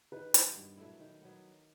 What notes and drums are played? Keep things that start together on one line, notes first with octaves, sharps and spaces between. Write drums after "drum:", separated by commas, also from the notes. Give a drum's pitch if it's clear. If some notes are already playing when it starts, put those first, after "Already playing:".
D#3 B4
F#3 B3 F#4, drum: hi-hat
G2
F#3 A3 E4
D#3
F#3 B3